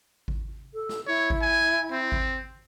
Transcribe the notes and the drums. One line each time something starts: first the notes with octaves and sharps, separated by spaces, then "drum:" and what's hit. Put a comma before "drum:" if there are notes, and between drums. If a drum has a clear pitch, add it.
drum: kick G#1
A4
drum: snare
E4 C#5
drum: kick G#1
G#5
C4
drum: kick G#1